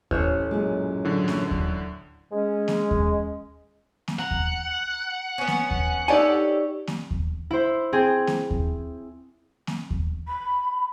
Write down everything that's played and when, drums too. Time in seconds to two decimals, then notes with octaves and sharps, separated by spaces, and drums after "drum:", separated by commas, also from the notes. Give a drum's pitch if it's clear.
0.11 A1 C#4 C5 C#5, drum: kick D#2
0.51 F#2 A#2 G#3
1.05 A2 D3 F#3
1.28 drum: snare A#3
1.51 drum: kick D#2
2.32 G#3 C#4
2.68 drum: snare A#3
2.91 drum: kick D#2
4.08 drum: snare A#3
4.19 F#5 A#5
4.31 drum: kick D#2
5.38 B3 C#4
5.48 drum: snare A#3
5.71 drum: kick D#2
6.08 D#4 G4 A4 C#5 D5 G#5
6.87 drum: snare A#3
7.11 drum: kick D#2
7.51 E4 C5
7.93 C4 G#4
8.27 drum: snare A#3
8.51 drum: kick D#2
9.67 drum: snare A#3
9.91 drum: kick D#2
10.28 B5